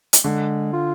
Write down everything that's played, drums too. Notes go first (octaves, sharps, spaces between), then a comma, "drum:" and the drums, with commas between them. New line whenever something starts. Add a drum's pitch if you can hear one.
drum: hi-hat
D3 G#3
F4